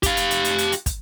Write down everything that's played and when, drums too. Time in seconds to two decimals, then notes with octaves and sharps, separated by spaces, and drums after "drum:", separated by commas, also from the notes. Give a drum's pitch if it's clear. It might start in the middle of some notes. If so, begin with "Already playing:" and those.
0.03 G4 F5, drum: kick, hi-hat
0.17 drum: hi-hat
0.31 drum: hi-hat
0.45 drum: hi-hat
0.58 drum: hi-hat
0.72 drum: hi-hat
0.86 drum: kick, hi-hat